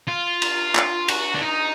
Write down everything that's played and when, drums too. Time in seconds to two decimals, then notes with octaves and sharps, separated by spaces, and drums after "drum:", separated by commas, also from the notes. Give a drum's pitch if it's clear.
0.08 F4
0.42 drum: cymbal
0.75 drum: clap
1.08 F#4, drum: cymbal
1.35 D4
1.42 D#4